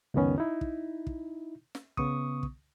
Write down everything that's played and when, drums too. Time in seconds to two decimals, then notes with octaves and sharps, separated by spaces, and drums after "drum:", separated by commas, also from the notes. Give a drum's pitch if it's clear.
0.14 C#2 F#2 D#3 B3 C#4
0.38 D#4 E4
0.61 drum: kick
1.07 drum: kick
1.75 drum: snare
1.97 C#3 B3 C#6 D#6, drum: kick
2.43 drum: kick